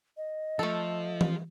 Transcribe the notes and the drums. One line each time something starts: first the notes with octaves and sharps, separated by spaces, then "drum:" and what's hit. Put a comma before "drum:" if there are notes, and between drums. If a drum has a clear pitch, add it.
D#5
F3 A3 A4
drum: tom E3